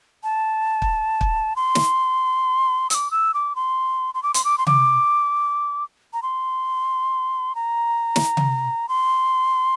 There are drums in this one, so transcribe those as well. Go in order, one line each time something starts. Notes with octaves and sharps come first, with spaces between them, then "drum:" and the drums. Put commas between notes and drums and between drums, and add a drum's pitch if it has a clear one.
A5
drum: kick
drum: kick
C6
drum: snare
E6, drum: hi-hat
D6
E6
D6
C6
C6
D6
C6, drum: hi-hat
D6
C6
D6, drum: tom C3
A#5
C6
A#5
drum: snare
drum: tom C3
C6